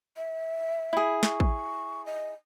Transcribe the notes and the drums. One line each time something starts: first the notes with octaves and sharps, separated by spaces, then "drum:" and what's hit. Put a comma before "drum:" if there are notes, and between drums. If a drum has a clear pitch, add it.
E5
E4 G#4
C#6, drum: snare
drum: kick
D#5